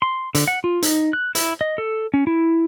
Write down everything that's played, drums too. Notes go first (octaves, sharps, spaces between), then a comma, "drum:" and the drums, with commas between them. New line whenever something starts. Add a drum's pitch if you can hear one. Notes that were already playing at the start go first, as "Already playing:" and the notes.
C6
D3, drum: hi-hat
F#5
F4
D#4, drum: hi-hat
F#6
E4, drum: hi-hat
D#5
A4
C#4
E4